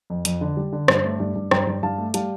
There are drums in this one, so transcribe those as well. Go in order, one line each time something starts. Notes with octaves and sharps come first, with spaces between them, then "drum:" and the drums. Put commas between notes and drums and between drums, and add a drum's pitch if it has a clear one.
F2
F2, drum: hi-hat
D3
G3
D3
G2, drum: rim click
A3
G2
G2
G2 G5 A#5, drum: rim click
G2
G2 F5 A5
A3
G3 F5 A5, drum: hi-hat